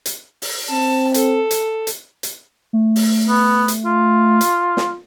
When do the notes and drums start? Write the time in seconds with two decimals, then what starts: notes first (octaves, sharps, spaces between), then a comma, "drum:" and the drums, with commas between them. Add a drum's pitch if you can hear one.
0.06 drum: hi-hat
0.42 drum: open hi-hat
0.70 C4 A5
1.14 A4, drum: hi-hat
1.51 drum: hi-hat
1.87 drum: hi-hat
2.23 drum: hi-hat
2.73 A3
2.96 drum: open hi-hat
3.28 B3
3.68 drum: hi-hat
3.85 F4
4.41 drum: hi-hat
4.77 drum: snare